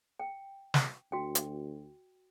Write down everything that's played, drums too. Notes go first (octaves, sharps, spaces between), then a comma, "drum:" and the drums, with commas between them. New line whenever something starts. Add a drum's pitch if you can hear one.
G5
drum: snare
D2 F#4 G5
drum: hi-hat